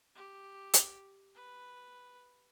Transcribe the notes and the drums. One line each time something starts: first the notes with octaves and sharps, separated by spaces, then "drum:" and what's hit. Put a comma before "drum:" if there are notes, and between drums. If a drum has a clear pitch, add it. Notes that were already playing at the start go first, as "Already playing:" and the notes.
G4
drum: hi-hat
B4